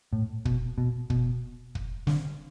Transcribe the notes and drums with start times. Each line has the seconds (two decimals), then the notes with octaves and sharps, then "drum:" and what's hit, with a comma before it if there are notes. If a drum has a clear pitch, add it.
0.13 A2
0.45 B2, drum: kick
0.78 B2
1.10 B2, drum: kick
1.75 drum: kick
2.07 D3, drum: snare